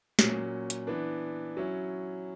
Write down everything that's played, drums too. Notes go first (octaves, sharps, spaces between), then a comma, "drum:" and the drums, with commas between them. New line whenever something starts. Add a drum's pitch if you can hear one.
A#2 F#3 C#4, drum: snare
drum: hi-hat
E3 B3 D4
F#3 C#4 E4